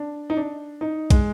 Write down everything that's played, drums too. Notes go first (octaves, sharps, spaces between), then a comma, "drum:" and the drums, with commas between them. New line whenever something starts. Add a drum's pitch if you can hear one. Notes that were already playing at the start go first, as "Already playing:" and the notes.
Already playing: D4
D#4
D4
D#4
G#3, drum: kick, hi-hat